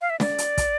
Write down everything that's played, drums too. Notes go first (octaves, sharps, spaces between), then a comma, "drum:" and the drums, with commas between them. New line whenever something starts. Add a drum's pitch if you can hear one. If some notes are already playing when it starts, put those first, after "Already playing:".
F5
E5
D5, drum: snare
drum: hi-hat
drum: kick, hi-hat